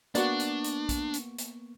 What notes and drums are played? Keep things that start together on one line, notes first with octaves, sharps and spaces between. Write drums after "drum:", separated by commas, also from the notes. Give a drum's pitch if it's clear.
A#3 B3 D4 F#4 D5 C#6, drum: hi-hat
drum: hi-hat
drum: hi-hat
drum: kick A#1, hi-hat
drum: hi-hat
drum: hi-hat